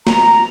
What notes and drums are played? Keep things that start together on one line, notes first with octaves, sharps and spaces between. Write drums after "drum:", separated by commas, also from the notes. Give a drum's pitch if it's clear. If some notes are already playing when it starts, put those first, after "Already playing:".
A#5, drum: snare